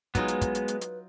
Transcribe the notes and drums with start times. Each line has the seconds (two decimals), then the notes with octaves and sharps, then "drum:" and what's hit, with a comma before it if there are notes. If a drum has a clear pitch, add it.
0.15 F#3 G#3 B3 D#4 F4 B4, drum: kick, hi-hat
0.28 drum: hi-hat
0.41 drum: kick, hi-hat
0.55 drum: hi-hat
0.68 drum: hi-hat
0.81 drum: hi-hat